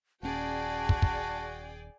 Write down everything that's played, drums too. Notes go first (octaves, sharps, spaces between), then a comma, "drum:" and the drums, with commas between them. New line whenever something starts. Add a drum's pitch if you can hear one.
D#1 C#4 F#4 G#4 D5 G5 A5
drum: kick
drum: kick